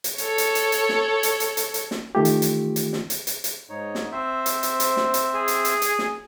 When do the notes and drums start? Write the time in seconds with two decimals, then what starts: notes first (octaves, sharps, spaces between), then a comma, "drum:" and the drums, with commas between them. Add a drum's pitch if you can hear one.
0.04 drum: hi-hat
0.18 A4 C#5, drum: hi-hat
0.38 drum: hi-hat
0.55 drum: hi-hat
0.72 drum: hi-hat
0.89 drum: snare
1.23 drum: hi-hat
1.40 drum: hi-hat
1.57 drum: hi-hat
1.74 drum: hi-hat
1.91 drum: snare
2.15 D#3 E3 A3 F4 G4
2.25 drum: hi-hat
2.42 drum: hi-hat
2.76 drum: hi-hat
2.93 drum: snare
3.10 drum: hi-hat
3.27 drum: hi-hat
3.44 drum: hi-hat
3.70 G#2 D#4 C#5
3.95 drum: snare
4.12 C4 C5 E5
4.46 drum: hi-hat
4.63 drum: hi-hat
4.80 drum: hi-hat
4.97 drum: snare
5.14 drum: hi-hat
5.34 G#4
5.48 drum: hi-hat
5.65 drum: hi-hat
5.82 drum: hi-hat
5.99 drum: snare